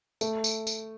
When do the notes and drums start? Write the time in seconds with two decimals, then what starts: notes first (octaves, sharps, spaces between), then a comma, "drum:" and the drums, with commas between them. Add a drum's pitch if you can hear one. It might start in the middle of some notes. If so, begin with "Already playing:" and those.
0.21 A3, drum: tambourine
0.44 drum: tambourine
0.67 drum: tambourine